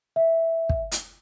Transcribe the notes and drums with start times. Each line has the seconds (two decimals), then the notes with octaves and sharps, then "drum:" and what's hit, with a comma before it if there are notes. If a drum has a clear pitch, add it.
0.16 E5
0.69 drum: kick
0.92 drum: hi-hat